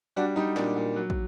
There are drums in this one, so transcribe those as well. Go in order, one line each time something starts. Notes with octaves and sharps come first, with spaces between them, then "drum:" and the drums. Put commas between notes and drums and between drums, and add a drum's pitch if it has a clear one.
G3 D4 F#4
G3 D#4
A#2 D4, drum: snare
A#2
F#3
drum: kick